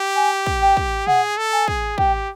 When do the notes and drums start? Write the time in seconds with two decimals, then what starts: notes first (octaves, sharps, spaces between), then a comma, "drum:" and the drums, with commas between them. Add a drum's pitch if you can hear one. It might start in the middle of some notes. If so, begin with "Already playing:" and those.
Already playing: G4
0.16 G#5
0.46 drum: kick
0.62 G5
0.77 drum: kick
1.07 G#4 F#5, drum: tom
1.38 A4
1.53 G#5
1.68 G#4, drum: kick
1.98 G4 G5, drum: kick